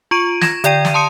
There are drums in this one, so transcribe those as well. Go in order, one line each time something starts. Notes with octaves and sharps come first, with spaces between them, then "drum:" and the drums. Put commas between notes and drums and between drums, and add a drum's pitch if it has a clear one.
F4 C#6 D7 D#7
G#6 A#6 E7, drum: snare
D3 D5 G5 D#7, drum: hi-hat
drum: snare
A5 C6 D#6 C#7 D#7